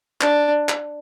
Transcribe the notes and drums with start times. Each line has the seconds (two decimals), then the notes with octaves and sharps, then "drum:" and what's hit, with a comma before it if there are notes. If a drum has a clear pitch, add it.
0.21 D4, drum: clap
0.69 drum: clap